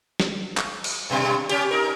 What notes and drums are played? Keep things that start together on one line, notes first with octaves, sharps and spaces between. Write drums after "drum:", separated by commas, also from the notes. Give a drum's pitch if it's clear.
drum: snare
drum: clap
drum: cymbal
G2 B2 G3
C#4 G4, drum: cymbal
D#4 A#4